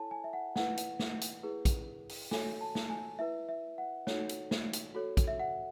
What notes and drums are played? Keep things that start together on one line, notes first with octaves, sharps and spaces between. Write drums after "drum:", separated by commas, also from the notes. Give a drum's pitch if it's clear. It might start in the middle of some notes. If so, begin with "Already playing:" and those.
Already playing: E4 A4 C#5 G#5 A5
G#5
E5
F#5
E4 B4 F#5, drum: snare
drum: hi-hat
drum: snare
drum: hi-hat
E4 G#4 B4
drum: kick, hi-hat
drum: open hi-hat
F#4 A4 C#5 G#5, drum: snare
A5
drum: snare
G#5
E4 B4 E5
E5
F#5
D#4 F#4 A4 C#5, drum: snare
drum: hi-hat
drum: snare
drum: hi-hat
F#4 A4 C#5
drum: kick, hi-hat
E5
F#5